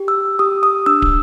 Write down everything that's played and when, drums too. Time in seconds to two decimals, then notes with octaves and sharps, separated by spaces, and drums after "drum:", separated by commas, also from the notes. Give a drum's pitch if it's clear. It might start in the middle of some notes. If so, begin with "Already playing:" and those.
Already playing: G4
0.08 E6
0.39 G4 D#6
0.63 D#6
0.86 D4 E6
1.02 drum: kick